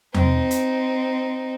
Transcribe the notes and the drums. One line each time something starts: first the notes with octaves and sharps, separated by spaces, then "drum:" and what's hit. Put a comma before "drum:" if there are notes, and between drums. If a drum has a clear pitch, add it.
C4 D#4, drum: tom E2
drum: hi-hat